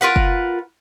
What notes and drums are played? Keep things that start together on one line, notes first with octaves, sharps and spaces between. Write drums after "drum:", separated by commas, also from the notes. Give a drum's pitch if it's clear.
F4 A#4 B4 F#5
drum: kick